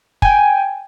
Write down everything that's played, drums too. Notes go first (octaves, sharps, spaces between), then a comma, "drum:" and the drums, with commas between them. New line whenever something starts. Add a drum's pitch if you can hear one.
G5 G#5, drum: kick